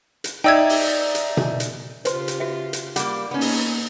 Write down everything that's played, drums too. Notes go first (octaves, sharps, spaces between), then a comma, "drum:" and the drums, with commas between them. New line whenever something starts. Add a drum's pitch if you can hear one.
drum: hi-hat
D#4 D5 E5 G5 E6 G#6
drum: open hi-hat
drum: hi-hat
drum: tom B2
drum: hi-hat
C#3 F4 G4 B4 C5 C6, drum: hi-hat
drum: hi-hat
F#4 E5
drum: hi-hat
G3 A#3 F#5, drum: hi-hat
A#3 B3 C#4 D#4
drum: open hi-hat